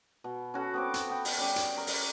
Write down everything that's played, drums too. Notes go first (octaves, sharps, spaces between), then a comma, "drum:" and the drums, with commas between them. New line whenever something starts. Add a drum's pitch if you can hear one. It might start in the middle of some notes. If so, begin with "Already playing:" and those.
B2
C#4 F#4 A4
B3 C4 D6
drum: hi-hat
B3 G5
drum: open hi-hat
G3 C#4 G4
drum: hi-hat
A#4 C#6
drum: open hi-hat